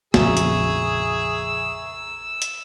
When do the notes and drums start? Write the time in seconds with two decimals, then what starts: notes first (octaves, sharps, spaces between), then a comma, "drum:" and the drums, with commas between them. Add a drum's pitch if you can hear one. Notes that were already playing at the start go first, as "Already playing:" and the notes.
0.14 A#1 F2 C#3 G#4 E5 A#5 C#6 E6, drum: snare
0.37 drum: hi-hat
2.42 drum: hi-hat